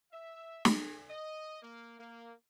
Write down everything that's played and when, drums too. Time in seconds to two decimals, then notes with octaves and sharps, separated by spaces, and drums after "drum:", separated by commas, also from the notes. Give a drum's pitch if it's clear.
0.12 E5
0.65 G#4, drum: snare
1.10 D#5
1.62 A#3
1.99 A#3